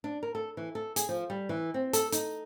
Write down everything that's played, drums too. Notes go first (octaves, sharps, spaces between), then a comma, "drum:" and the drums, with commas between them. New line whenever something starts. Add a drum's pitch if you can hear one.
D4
A#4
A4
E3
A4
G#4, drum: hi-hat
F3
G3
E3
C4
A4, drum: hi-hat
D#4, drum: hi-hat